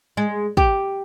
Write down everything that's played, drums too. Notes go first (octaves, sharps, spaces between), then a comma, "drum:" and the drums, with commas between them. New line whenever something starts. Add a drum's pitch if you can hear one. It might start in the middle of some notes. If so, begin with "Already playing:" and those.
G#3
G4, drum: kick